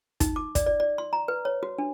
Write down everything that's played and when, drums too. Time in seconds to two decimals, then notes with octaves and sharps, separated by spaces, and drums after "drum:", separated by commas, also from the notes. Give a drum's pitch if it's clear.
0.20 D#4, drum: kick, hi-hat
0.36 D6
0.55 D5, drum: kick, hi-hat
0.66 D5
0.80 D5
0.98 C6
1.13 A#5
1.28 B4
1.45 C#5
1.63 F#4
1.78 D4